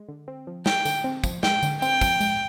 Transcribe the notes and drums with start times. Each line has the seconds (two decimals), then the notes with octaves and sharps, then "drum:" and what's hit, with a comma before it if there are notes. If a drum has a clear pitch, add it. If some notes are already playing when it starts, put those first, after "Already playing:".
Already playing: G#3
0.08 D3
0.28 C4
0.47 F3
0.66 G#3 G5, drum: snare
0.85 D3, drum: tambourine
1.04 C4
1.24 F3, drum: kick, tambourine
1.43 G#3 G5, drum: snare
1.63 D3, drum: tambourine
1.82 C4 G5, drum: tambourine
2.01 F3, drum: kick, tambourine
2.21 G#3, drum: tambourine